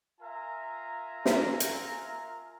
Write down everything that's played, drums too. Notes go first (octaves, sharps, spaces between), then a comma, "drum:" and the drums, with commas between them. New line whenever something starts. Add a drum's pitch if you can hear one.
F4 A#4 E5 F5 G#5 A#5
drum: snare
drum: hi-hat